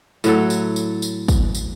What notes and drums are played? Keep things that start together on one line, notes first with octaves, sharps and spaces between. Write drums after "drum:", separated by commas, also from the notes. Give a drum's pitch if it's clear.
A2 F#3 A4, drum: tambourine
drum: tambourine
drum: tambourine
drum: tambourine
drum: kick, tambourine
drum: tambourine